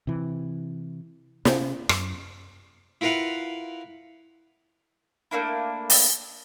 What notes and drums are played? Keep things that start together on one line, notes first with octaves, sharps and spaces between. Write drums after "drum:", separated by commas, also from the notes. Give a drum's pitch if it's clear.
C3 E3
C3 C#4, drum: snare
F#2, drum: rim click
E4 F4 A#4 B4 F5 F#5
A3 A#3 D4 E4
drum: open hi-hat